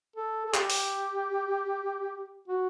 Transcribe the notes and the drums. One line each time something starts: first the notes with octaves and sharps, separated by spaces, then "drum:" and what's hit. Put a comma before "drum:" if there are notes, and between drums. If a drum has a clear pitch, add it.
A4
A4
G4, drum: clap
drum: open hi-hat
F#4